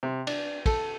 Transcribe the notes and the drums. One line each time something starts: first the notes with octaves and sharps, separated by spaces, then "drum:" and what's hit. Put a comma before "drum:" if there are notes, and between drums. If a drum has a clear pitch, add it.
C3
D4, drum: cymbal
A4, drum: kick, cymbal